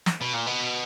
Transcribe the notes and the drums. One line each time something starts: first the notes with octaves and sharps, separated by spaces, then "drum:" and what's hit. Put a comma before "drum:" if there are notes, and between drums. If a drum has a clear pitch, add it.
drum: snare
B2
A#2
B2